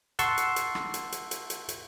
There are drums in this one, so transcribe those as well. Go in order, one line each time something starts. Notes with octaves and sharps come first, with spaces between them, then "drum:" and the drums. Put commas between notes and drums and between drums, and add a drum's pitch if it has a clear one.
F#5 A5 C6 C#6 E6, drum: hi-hat
drum: hi-hat
drum: hi-hat
drum: rim click
drum: hi-hat
drum: hi-hat
drum: hi-hat
drum: hi-hat
drum: hi-hat